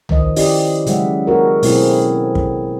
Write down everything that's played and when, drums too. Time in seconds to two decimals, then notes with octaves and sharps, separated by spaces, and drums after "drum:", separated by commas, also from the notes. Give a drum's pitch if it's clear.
0.09 D#3 F3 D#5, drum: tom
0.36 C#4 E4 G4 D5 D#5, drum: open hi-hat
0.86 C#3 F#3 G#3 E5 F#5, drum: hi-hat
1.27 A#3 F#4 A4 A#4
1.63 B2 F#3 A3 C4 E4 G#4, drum: open hi-hat
2.35 drum: kick